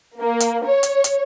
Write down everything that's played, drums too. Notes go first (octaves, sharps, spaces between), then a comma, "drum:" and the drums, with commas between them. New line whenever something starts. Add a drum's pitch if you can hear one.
A#3
drum: hi-hat
C#5
drum: hi-hat
drum: hi-hat